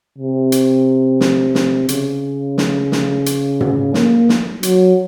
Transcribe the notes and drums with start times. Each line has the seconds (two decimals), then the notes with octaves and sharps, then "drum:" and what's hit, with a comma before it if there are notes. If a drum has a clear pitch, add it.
0.18 C3
0.52 drum: hi-hat
1.21 drum: snare
1.55 drum: snare
1.89 C#3, drum: hi-hat
2.58 drum: snare
2.92 drum: snare
3.26 drum: hi-hat
3.61 drum: tom
3.94 A#3, drum: snare
4.29 drum: snare
4.63 F#3, drum: hi-hat